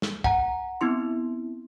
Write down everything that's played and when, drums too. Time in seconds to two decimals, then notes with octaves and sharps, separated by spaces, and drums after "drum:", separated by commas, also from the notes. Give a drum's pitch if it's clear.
0.02 drum: snare
0.24 F#5 G#5 A#5, drum: kick B1
0.81 B3 C4 E4 C6